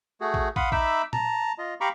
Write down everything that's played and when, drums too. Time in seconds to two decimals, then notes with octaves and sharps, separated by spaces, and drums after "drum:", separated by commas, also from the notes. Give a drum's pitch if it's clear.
0.21 A3 F#4 G#4
0.34 drum: kick
0.56 F5 F#5 B5 C6 D#6, drum: kick
0.72 D#4 E5 B5 D6 E6, drum: kick
1.13 A5 A#5, drum: tom A#2
1.58 F4 D#5
1.81 G4 F5 A#5 B5 C#6 D6